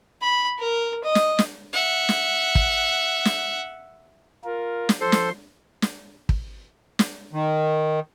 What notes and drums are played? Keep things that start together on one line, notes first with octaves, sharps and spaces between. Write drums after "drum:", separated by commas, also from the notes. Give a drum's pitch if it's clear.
B5
A#4
D#5
drum: snare
drum: snare
E5 F#5
drum: snare
drum: kick
drum: snare
F4 A#4
drum: snare
F3 A4 C5 C6
drum: snare
drum: snare
drum: kick
drum: snare
D#3